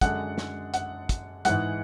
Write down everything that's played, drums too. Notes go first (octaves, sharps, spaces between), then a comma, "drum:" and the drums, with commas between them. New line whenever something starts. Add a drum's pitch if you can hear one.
F#2 D3 G#3 D4 F#5 F#6, drum: kick, hi-hat
drum: snare
F#5 F#6, drum: hi-hat
drum: kick, hi-hat
G#2 E3 G#3 F#5 F#6, drum: hi-hat